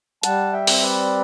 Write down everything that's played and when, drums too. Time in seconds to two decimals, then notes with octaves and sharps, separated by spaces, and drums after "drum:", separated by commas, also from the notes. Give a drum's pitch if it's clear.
0.23 G3 F#5 A5, drum: hi-hat
0.52 E5 G5
0.67 C4, drum: open hi-hat
0.81 B4 D5